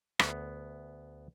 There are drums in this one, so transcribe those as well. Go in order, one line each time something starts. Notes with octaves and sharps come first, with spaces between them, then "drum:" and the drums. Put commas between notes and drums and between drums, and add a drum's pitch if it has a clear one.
D2 B3, drum: rim click